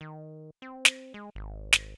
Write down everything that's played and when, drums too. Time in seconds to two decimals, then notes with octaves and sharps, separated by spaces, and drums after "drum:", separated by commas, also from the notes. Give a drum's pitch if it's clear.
0.01 D#3
0.62 C4
0.85 drum: snare
1.14 G#3
1.35 G#1
1.73 drum: snare